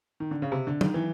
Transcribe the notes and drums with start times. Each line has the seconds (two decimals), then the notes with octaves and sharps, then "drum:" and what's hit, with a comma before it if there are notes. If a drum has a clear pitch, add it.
0.20 D#3
0.31 D3
0.42 C#3
0.52 C3
0.67 D3
0.81 D#3, drum: tom F#3
0.94 E3